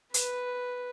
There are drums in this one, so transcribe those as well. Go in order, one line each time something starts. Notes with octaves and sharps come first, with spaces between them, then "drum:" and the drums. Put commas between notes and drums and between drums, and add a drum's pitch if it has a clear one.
B4, drum: hi-hat